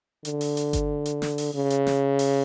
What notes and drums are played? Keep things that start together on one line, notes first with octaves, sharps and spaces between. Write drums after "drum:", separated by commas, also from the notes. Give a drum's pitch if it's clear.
D3, drum: hi-hat
drum: open hi-hat
drum: hi-hat
drum: kick G1, hi-hat
drum: hi-hat
drum: snare
drum: open hi-hat
C#3
drum: hi-hat
drum: snare
drum: open hi-hat